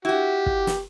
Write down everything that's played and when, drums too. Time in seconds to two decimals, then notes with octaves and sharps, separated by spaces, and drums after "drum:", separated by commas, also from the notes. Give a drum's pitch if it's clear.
0.05 E4 F#4 G4
0.46 drum: kick
0.67 drum: snare